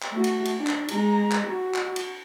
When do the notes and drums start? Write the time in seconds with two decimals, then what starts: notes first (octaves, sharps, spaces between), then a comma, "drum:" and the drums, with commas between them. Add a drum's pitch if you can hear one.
0.02 drum: clap
0.12 A3 F#4
0.24 drum: cymbal
0.45 drum: cymbal
0.57 D4
0.67 drum: clap
0.88 G#3 A#5, drum: cymbal
1.31 drum: clap
1.47 F#4
1.74 drum: clap
1.96 drum: cymbal